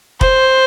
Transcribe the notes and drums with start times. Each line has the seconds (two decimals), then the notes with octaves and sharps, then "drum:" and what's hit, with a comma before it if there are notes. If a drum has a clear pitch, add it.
0.21 C5, drum: kick F1